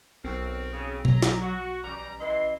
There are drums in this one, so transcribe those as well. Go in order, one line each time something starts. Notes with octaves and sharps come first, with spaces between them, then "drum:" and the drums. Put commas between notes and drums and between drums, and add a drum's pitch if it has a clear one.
B1 C4 F#4 A#4 C5
C#3
F#3 A#5, drum: tom B2
drum: snare
F#4
A1 G3 A#5
E3 E4 D#5 C6